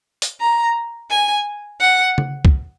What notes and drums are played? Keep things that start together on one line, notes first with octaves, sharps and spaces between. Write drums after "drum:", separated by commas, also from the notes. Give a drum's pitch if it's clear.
drum: hi-hat
A#5
G#5
F#5
drum: tom C#3
drum: kick